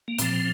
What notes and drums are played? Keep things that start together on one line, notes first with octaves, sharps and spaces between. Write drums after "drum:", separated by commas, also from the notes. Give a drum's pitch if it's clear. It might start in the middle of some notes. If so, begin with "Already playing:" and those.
A#3
A#2 F3 C4, drum: hi-hat